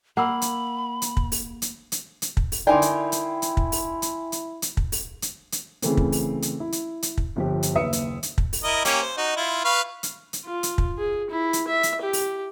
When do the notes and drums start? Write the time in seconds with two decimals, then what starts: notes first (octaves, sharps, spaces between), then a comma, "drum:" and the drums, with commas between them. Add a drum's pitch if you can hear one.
0.17 A#3 F#5 B5 E6
0.42 drum: hi-hat
1.02 drum: hi-hat
1.17 drum: kick
1.32 drum: open hi-hat
1.62 drum: hi-hat
1.92 drum: hi-hat
2.22 drum: hi-hat
2.37 drum: kick
2.52 drum: open hi-hat
2.67 D3 D#4 E4 A#4 D5 G5 G#5 C6
2.82 drum: hi-hat
3.12 drum: hi-hat
3.42 drum: hi-hat
3.57 drum: kick
3.72 drum: open hi-hat
4.02 drum: hi-hat
4.32 drum: hi-hat
4.62 drum: hi-hat
4.77 drum: kick
4.92 drum: open hi-hat
5.22 drum: hi-hat
5.52 drum: hi-hat
5.82 C#3 E3 A3 C4, drum: hi-hat
5.97 drum: kick
6.12 drum: open hi-hat
6.42 drum: hi-hat
6.60 E4
6.72 drum: hi-hat
7.02 drum: hi-hat
7.18 drum: kick
7.36 G1 F3 G4
7.63 drum: hi-hat
7.75 F#1 D#2 B4 E5 D#6 C#7
7.93 drum: hi-hat
8.23 drum: hi-hat
8.38 drum: kick
8.53 drum: open hi-hat
8.64 E4 A#4 D#5
8.85 A#3 C#4 G4, drum: hi-hat
9.01 C5
9.17 D#4 F#4
9.36 E4 F4
9.65 B4 F5 C#6
10.03 drum: hi-hat
10.33 drum: hi-hat
10.46 F4
10.63 drum: hi-hat
10.78 drum: kick
10.98 G#4
11.30 E4
11.53 drum: hi-hat
11.67 E5
11.83 drum: hi-hat
12.02 G4
12.13 drum: open hi-hat